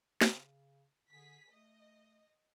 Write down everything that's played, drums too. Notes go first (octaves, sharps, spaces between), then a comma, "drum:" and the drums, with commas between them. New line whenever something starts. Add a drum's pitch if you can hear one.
C#3, drum: snare
D3 G#4 B6
A3 D#5